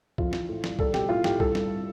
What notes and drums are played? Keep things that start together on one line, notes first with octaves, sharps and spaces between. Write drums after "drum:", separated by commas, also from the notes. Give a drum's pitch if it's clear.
F2 F4, drum: kick B1
E3, drum: snare
A2
G3, drum: snare
G3 A4, drum: kick B1
B2 G4, drum: snare
A2 F4
A2 G4, drum: snare
G2 A4, drum: kick B1
G2, drum: snare